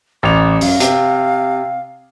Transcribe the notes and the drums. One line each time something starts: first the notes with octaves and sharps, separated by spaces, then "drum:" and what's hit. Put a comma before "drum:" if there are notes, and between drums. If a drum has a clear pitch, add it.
A1 D6 F7
F#2 F5, drum: open hi-hat
C3, drum: hi-hat